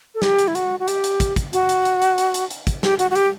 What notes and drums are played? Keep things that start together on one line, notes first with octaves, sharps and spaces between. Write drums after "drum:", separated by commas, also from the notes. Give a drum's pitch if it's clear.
A4
G4, drum: snare
drum: hi-hat
E4
F#4, drum: hi-hat
F#4
G4, drum: hi-hat
drum: hi-hat
drum: kick, hi-hat
drum: kick, hi-hat
F#4, drum: hi-hat
drum: hi-hat
drum: hi-hat
drum: hi-hat
drum: hi-hat
drum: hi-hat
drum: hi-hat
drum: kick, hi-hat
G4, drum: snare
F#4, drum: hi-hat
F#4
G4, drum: hi-hat